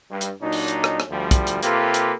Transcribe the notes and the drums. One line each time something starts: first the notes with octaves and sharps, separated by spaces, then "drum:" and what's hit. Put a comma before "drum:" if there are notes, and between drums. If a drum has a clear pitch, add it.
G2
drum: hi-hat
A#2 F#3 D4 D#4
drum: open hi-hat
drum: hi-hat
drum: rim click
drum: rim click
D2 F3 G3
drum: kick, hi-hat
drum: hi-hat
C3 A#3 F4 G4 A4 B4, drum: hi-hat
drum: hi-hat